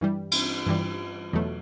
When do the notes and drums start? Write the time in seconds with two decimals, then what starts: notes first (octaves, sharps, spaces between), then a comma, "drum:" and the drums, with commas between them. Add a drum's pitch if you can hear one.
0.01 G2 E3 G3
0.31 drum: cymbal
0.66 G2 E3 G3
1.33 E2 B2 F#3 A3